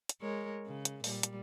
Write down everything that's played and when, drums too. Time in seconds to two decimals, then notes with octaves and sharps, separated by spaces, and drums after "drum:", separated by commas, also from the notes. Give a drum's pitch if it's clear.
0.09 drum: hi-hat
0.21 G#3 A#4 C#5
0.66 C#3
0.85 drum: hi-hat
1.04 A#2 G3, drum: open hi-hat
1.23 drum: hi-hat